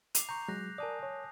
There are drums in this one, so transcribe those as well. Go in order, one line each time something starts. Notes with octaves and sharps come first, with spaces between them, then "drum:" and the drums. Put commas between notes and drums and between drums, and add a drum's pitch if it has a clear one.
D6 C7 F7, drum: hi-hat
A#5 C#6 G6
F#3 G#3 F#6 A#6
A#4 D5 G#5 A5 D#6
C#5